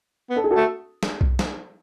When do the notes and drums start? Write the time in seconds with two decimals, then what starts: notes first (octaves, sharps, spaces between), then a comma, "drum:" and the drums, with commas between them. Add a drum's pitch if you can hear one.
0.30 B3
0.36 A4
0.44 G#4
0.51 F#4 A4
0.57 A3
1.03 drum: snare
1.21 drum: kick B1
1.39 drum: snare